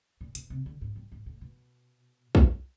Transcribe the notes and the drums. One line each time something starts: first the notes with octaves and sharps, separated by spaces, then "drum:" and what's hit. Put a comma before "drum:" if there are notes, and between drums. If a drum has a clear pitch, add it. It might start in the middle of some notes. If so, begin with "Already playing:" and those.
A#2
B2, drum: hi-hat
C3
D3
G#2
G2
G#2
A2
B2
drum: kick